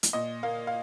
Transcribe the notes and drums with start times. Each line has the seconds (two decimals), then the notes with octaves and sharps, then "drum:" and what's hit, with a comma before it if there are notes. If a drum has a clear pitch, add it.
0.03 drum: hi-hat
0.13 A#2 D#5
0.43 A#3 F5
0.67 F5